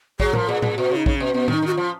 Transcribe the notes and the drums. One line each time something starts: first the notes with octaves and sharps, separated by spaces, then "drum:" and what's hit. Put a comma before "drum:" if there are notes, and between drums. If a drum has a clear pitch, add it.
F#3 G#4, drum: kick
F3 A#4, drum: tom A2
A#2 G#4
A#2, drum: tom A2
B2 F#4
C#3
D#4
C#3, drum: kick
B2 C#4
B2 B3
D#3, drum: tom A2
D#4
D#3 F#4
F4
F3